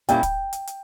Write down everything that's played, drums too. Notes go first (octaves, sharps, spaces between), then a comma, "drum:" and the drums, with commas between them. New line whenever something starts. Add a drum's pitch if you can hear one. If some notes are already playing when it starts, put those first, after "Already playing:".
A#2 G3 A#3 C#4 E4 G5, drum: hi-hat
drum: kick, hi-hat
drum: hi-hat
drum: hi-hat